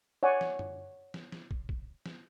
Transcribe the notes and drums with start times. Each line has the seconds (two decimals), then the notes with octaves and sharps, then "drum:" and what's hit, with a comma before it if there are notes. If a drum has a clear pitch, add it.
0.23 C#5 D5 F#5 G#5
0.41 drum: snare
0.59 drum: tom F#2
1.14 drum: snare
1.32 drum: snare
1.51 drum: kick
1.69 drum: kick
2.06 drum: snare